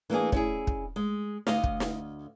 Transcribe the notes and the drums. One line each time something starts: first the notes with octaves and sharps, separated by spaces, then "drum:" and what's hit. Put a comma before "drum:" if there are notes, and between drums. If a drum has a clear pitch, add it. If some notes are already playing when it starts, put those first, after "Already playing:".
E3 A#3 D4 G#4
C#4 E4 G#4, drum: kick
drum: kick
G#3
D2 D#5 F5, drum: snare
drum: kick
drum: snare